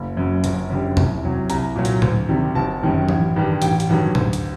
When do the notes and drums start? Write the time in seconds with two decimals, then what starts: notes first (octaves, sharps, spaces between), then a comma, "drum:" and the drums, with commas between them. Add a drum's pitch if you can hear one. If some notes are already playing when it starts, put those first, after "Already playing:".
Already playing: F#1
0.17 F#2 F#3
0.44 G1, drum: hi-hat
0.70 F#2 D3 G3
0.97 C2, drum: tom E2
1.23 C3 F#3
1.50 C2 A#5, drum: hi-hat
1.75 A#2 F#3
1.85 drum: hi-hat
2.02 D2, drum: tom A2
2.29 C3 D#3 G3
2.55 G1 A5
2.82 F#2 D#3 G3
3.09 A1, drum: tom E3
3.36 G2 D#3 G3
3.62 A1 G5, drum: hi-hat
3.80 drum: hi-hat
3.89 G2 D#3 F#3
4.15 D2, drum: tom A2
4.33 drum: hi-hat